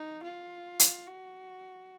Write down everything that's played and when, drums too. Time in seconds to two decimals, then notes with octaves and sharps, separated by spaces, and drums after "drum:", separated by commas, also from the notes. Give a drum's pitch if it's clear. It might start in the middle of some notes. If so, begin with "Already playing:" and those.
Already playing: D#4
0.23 F4
0.79 drum: hi-hat
1.06 F#4